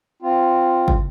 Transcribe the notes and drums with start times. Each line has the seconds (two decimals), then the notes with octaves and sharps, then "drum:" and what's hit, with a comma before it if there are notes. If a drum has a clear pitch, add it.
0.22 C4 F4
0.88 drum: kick